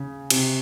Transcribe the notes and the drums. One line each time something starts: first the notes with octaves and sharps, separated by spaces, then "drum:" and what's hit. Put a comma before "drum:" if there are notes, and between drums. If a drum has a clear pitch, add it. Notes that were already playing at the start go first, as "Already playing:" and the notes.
Already playing: C#3
C3, drum: cymbal